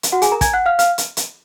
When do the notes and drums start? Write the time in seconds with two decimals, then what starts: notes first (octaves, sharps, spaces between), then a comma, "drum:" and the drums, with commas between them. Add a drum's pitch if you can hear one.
0.03 drum: hi-hat
0.12 F#4 F#5
0.22 G#4 G#5, drum: hi-hat
0.32 A#4 A#5
0.41 G#5 G#6, drum: kick, hi-hat
0.54 F#5 F#6
0.66 F5 F6
0.79 F5 F6, drum: hi-hat
0.98 drum: hi-hat
1.17 drum: hi-hat